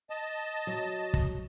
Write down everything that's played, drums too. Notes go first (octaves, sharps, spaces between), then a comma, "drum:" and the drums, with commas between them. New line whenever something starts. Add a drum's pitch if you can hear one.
D#5 A5
F#3
drum: kick